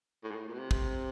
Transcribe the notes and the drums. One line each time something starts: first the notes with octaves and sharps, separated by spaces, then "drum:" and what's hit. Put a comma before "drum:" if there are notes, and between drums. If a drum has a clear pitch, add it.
A2
G#2
A2
A#2
B2
C3
C3, drum: kick